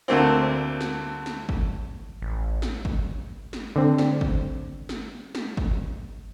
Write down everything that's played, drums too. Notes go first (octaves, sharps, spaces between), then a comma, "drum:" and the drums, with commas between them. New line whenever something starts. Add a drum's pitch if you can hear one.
D2 D3 A3 A#3 C4
drum: snare
drum: snare
drum: kick
A1
drum: snare
drum: kick
drum: snare
D3 C4
drum: snare
drum: kick
drum: snare
drum: snare
drum: kick